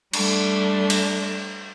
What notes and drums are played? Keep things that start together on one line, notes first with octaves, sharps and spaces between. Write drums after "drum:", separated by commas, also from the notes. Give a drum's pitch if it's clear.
G3 A3 D4, drum: cymbal
drum: cymbal